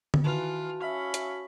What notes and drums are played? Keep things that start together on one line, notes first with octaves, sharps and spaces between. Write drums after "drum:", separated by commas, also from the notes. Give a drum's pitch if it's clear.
drum: tom D3
D#3 E3 F4 F#4 B4 A5 F6
C#4 E5 F5 B5
drum: hi-hat